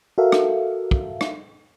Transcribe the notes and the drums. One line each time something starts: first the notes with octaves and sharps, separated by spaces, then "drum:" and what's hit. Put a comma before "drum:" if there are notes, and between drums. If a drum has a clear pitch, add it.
F#4 A4 A#4 E5 F5
drum: rim click
drum: kick
drum: rim click